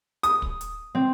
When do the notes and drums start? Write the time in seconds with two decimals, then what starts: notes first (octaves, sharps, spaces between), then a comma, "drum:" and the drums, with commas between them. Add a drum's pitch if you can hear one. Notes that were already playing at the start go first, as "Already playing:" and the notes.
0.23 D#6, drum: hi-hat
0.42 drum: kick
0.61 drum: hi-hat
0.95 C4